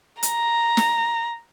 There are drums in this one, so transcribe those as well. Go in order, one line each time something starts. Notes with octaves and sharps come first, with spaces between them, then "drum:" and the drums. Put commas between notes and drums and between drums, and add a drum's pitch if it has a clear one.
A#5, drum: hi-hat
drum: snare